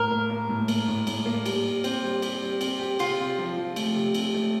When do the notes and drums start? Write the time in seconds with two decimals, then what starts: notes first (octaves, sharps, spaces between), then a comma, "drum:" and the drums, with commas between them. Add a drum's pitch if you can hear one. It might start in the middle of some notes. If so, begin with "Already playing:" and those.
Already playing: A2 A#4
0.11 A#3
0.30 A#3
0.49 A2
0.68 A#3, drum: cymbal
0.88 A2
1.07 A2, drum: cymbal
1.26 A#3
1.46 G3, drum: cymbal
1.65 G3
1.84 C4, drum: cymbal
2.03 G3
2.22 G4, drum: cymbal
2.42 G3
2.61 C4, drum: cymbal
2.79 G4
2.99 C3 F4, drum: cymbal
3.19 C3
3.38 F3
3.57 F3
3.76 A3, drum: cymbal
3.96 C3
4.14 C3, drum: cymbal
4.34 A3